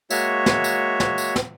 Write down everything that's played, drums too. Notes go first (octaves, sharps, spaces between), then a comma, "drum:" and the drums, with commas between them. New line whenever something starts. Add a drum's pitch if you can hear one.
G#3 A#3 F#4 C#5 E5, drum: tambourine
drum: snare
drum: tambourine
drum: snare
drum: tambourine
drum: snare